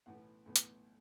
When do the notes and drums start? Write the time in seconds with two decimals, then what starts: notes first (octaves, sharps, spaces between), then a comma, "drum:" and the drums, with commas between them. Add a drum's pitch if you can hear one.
0.06 B1 A2 E3 B3 F#5
0.45 B1 A2 E3 B3
0.56 drum: hi-hat